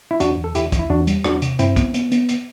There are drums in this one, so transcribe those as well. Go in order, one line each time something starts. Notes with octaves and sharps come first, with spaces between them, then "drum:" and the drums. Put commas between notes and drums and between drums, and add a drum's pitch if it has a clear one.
E4
E2 D4 F#4, drum: hi-hat
E2
A4
E2 E4 G4, drum: hi-hat
E2, drum: kick, hi-hat
E4
E2 D4 F#4
G3, drum: hi-hat
E2 D4 F#4, drum: rim click
C3, drum: hi-hat
G2 C4 E4, drum: hi-hat
B3, drum: kick, hi-hat
B3, drum: hi-hat
B3, drum: hi-hat
drum: hi-hat